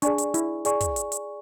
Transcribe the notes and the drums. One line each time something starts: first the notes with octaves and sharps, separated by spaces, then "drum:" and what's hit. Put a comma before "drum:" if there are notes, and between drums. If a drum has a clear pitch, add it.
D4 G#4 D5 G#5 C#6, drum: hi-hat
drum: hi-hat
E4, drum: hi-hat
G#4 D5 G#5 C#6, drum: hi-hat
drum: kick, hi-hat
drum: hi-hat
drum: hi-hat